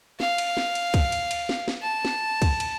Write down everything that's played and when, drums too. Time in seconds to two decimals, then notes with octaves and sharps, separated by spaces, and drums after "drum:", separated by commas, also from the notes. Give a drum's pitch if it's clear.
0.20 F5, drum: snare
0.38 drum: cymbal
0.57 drum: snare
0.75 drum: cymbal
0.94 drum: kick, cymbal
1.12 drum: cymbal
1.31 drum: cymbal
1.49 drum: snare
1.68 drum: snare
1.82 A5
2.05 drum: snare
2.42 drum: kick, cymbal
2.60 drum: cymbal